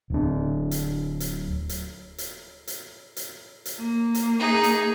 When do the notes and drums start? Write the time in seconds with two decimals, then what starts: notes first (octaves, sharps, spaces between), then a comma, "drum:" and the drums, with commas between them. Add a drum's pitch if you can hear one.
0.10 D1 D4
0.71 drum: hi-hat
1.20 drum: hi-hat
1.69 drum: hi-hat
2.18 drum: hi-hat
2.67 drum: hi-hat
3.16 drum: hi-hat
3.65 drum: hi-hat
3.79 A#3
4.15 drum: hi-hat
4.39 D#4 G#4
4.64 drum: hi-hat